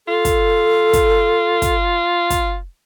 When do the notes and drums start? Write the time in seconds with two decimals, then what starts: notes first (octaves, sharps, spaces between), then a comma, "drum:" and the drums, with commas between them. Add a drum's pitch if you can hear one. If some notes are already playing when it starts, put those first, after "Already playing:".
0.08 F4 A4
0.25 drum: kick, hi-hat
0.93 drum: kick, hi-hat
1.62 drum: kick, hi-hat
2.30 drum: kick, hi-hat